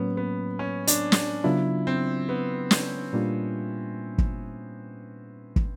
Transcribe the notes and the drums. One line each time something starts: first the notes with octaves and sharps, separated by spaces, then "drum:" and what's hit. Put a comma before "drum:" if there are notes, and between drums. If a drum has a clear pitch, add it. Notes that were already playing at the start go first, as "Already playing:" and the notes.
Already playing: A2 F#3 A#3 B3 C#4
B3
C#4
D4, drum: hi-hat
drum: snare
C#3 F#3 B3 D4 E4 F4
C4
B3
C#4, drum: snare
A#2 G3 A#3 D4 F4
drum: kick
drum: kick